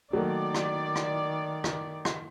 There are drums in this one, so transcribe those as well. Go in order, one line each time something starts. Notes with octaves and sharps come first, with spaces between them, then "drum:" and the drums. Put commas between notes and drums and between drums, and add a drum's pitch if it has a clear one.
D#3 F#3 A3 A#3 D5
drum: rim click
drum: rim click
drum: rim click
drum: rim click